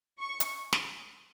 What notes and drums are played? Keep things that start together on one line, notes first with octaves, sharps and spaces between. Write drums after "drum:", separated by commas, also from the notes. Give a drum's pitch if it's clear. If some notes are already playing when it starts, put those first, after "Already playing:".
C#6
drum: hi-hat
drum: snare